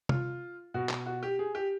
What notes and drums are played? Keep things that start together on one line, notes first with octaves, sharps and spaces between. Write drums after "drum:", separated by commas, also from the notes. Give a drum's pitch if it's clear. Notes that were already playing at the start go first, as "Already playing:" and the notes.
F4, drum: tom
B2 F#4
drum: clap
F#4
G4
G#4
G4